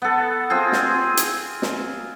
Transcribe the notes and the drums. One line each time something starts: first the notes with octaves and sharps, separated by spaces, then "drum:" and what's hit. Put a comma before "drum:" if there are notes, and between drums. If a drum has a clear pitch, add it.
B3 A4
C4 F4 G#4
drum: snare
drum: hi-hat
drum: snare